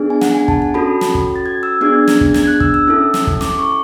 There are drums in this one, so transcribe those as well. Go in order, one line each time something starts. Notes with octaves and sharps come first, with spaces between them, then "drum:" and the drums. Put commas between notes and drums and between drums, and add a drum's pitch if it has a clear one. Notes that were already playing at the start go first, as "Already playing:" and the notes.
Already playing: B3 D4 G#4
G#5
F#5, drum: snare
G#5
A5, drum: kick
A5
C#4 F#4 A4 B5
drum: snare
drum: kick
A6
G#6
E6
B3 D4 G#4 G#6
drum: snare
drum: kick
G#6, drum: snare
F#6
E6, drum: kick
E6
C#4 E4 A4
drum: snare
drum: kick
D6, drum: snare
C#6